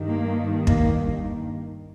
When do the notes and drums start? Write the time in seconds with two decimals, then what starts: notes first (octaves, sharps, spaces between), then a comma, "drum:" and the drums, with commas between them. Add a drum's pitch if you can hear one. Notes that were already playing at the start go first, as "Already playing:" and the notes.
Already playing: G2 D#3
0.09 A#3
0.67 A#3, drum: kick